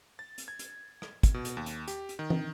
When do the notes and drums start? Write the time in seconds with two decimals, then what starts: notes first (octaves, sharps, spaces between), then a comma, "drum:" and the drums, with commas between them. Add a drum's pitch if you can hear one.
0.19 A6
0.38 drum: hi-hat
0.48 G#6
0.59 drum: hi-hat
1.02 drum: rim click
1.23 drum: kick, hi-hat
1.34 B2
1.45 drum: hi-hat
1.57 D#2
1.66 drum: hi-hat
1.88 G4, drum: hi-hat
2.09 drum: hi-hat
2.19 D#3
2.30 drum: tom E3